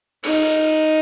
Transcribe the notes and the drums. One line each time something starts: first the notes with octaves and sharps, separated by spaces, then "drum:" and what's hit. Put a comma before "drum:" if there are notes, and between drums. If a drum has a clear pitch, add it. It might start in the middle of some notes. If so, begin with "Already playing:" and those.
D#4, drum: cymbal